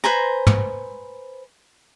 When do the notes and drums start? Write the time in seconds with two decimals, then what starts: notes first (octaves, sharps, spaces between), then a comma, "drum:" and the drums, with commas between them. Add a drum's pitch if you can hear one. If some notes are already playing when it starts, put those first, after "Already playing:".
0.04 B4 C5 G#5 A#5
0.47 drum: tom